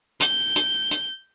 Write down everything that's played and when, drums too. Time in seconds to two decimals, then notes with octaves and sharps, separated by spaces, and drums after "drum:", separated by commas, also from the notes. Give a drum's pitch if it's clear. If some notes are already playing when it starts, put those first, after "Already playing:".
0.20 G6, drum: hi-hat
0.56 drum: hi-hat
0.91 drum: hi-hat